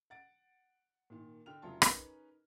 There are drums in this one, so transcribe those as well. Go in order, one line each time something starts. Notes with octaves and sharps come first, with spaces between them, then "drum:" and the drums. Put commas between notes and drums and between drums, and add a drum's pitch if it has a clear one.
F#5 A6 D7
A#2 D#3
D3 G5 F6 F7
F1 C#3 F#3 E4 F4 A5
C#4 D#4 G#4 A#4 B4 D#5, drum: rim click